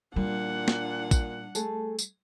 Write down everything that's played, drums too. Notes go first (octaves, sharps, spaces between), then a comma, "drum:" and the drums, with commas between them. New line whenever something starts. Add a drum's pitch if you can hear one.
A#2 G3 D4 F#5
drum: snare
drum: kick, tambourine
A3 G#4 A4, drum: tambourine
drum: tambourine